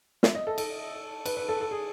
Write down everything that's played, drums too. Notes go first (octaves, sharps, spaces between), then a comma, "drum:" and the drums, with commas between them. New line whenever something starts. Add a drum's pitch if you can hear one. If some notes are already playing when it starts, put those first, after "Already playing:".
E5, drum: snare
D#5
A4
A4, drum: cymbal
B4, drum: cymbal
B4
A4
A4
G#4